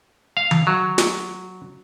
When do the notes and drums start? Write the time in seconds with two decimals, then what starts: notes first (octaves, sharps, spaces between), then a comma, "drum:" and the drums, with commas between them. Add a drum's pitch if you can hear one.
0.37 F5
0.51 drum: tom D#3
0.67 F#3
0.98 drum: snare